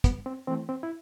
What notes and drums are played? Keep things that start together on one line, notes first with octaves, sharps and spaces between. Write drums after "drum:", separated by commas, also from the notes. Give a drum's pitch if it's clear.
G2 B3, drum: kick, hi-hat
C4
E3 A3 C4
C4
E4